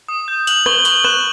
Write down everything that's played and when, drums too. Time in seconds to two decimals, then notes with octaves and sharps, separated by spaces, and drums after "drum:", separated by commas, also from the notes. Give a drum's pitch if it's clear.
0.08 D#6
0.28 G6
0.47 F#6 F#7, drum: hi-hat
0.66 C#6 G7, drum: rim click
0.85 C#6 F#7, drum: hi-hat
1.04 F#6 E7, drum: rim click